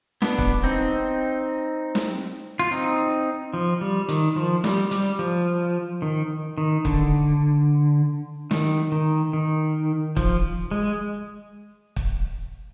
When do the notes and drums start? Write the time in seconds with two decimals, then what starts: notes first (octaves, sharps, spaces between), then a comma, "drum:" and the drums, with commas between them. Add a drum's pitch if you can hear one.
0.22 B3 D4, drum: snare
0.38 drum: kick
0.64 C4 D#4
1.95 drum: snare
2.59 F4
2.71 C4 D#4
3.54 F3
3.81 G3
4.09 D#3, drum: hi-hat
4.36 F3
4.64 G3, drum: snare
4.91 G3, drum: hi-hat
5.19 F3
6.02 D#3
6.58 D#3
6.85 D3, drum: kick
8.51 D#3, drum: snare
8.92 D#3
9.33 D#3
10.17 F3, drum: kick
10.71 G#3
11.96 drum: kick